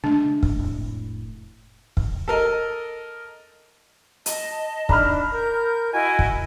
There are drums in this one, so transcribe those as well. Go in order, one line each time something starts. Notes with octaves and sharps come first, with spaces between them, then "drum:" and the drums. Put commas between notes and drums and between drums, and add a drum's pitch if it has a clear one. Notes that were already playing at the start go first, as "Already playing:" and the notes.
C#3 G#3 A3 D4
drum: kick
F1 A2
drum: kick
A4 A#4 D#5
D#5 A5, drum: hi-hat
D4 A#5 B5 F6, drum: kick
A#4 G6
E4 F#4 D#5 G#5
drum: kick